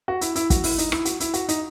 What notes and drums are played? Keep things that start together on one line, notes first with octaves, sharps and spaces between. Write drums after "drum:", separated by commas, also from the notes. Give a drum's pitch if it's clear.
F#4
E4, drum: hi-hat
E4, drum: hi-hat
F#4, drum: kick, hi-hat
E4, drum: open hi-hat
D#4, drum: hi-hat
E4, drum: rim click
F#4, drum: hi-hat
E4, drum: hi-hat
F#4, drum: hi-hat
D#4, drum: hi-hat